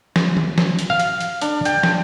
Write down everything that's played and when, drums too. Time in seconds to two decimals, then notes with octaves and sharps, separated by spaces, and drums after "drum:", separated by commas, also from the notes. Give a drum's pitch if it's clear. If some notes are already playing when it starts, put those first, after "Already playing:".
0.16 drum: snare
0.37 drum: tom D#3
0.58 drum: snare
0.79 drum: hi-hat
0.90 F5
1.00 drum: hi-hat
1.21 drum: hi-hat
1.41 D4, drum: hi-hat
1.65 G5, drum: hi-hat
1.83 drum: snare